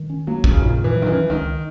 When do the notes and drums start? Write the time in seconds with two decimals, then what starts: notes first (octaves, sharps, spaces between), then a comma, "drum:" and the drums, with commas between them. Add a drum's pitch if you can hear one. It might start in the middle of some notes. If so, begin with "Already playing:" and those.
Already playing: D#3
0.10 C#4
0.27 F#3 A#3
0.44 F#2, drum: kick A1
0.51 C#3
0.61 A#2 D#3
0.78 A#2
0.84 E3
0.96 F#3
1.02 D#3
1.06 E3
1.12 C#4
1.30 C#2 D#3